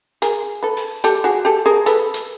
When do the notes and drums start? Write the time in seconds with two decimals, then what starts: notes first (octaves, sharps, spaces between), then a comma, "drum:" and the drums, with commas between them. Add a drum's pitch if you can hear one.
0.22 G#4 A#4, drum: hi-hat
0.63 A4 B4
0.77 drum: open hi-hat
1.04 G4 A4, drum: hi-hat
1.24 F#4 G#4
1.45 G4 A4
1.66 G#4 A#4
1.86 A4 B4, drum: hi-hat
2.14 drum: hi-hat